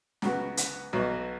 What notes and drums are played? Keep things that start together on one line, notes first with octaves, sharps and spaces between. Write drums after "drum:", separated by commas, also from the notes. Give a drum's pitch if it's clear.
C#2 C#3 F#3 B3 F#4, drum: snare
drum: hi-hat
B1 B2 F#3